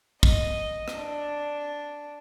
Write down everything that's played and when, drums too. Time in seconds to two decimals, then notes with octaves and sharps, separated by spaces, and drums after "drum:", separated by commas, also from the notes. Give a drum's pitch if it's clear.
0.23 D#5, drum: kick
0.88 drum: rim click
0.98 D4